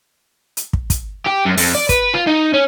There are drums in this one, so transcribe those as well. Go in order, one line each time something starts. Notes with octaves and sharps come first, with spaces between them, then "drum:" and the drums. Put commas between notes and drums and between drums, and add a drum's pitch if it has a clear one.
drum: hi-hat
drum: kick
drum: kick, hi-hat
G4
F#2
F2, drum: open hi-hat
D5
B4, drum: kick, hi-hat
F4
D#4
C#4